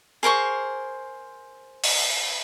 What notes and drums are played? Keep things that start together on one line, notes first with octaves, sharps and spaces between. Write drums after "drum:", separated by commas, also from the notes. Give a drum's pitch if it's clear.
G#4 A#4 C5 C#6
drum: open hi-hat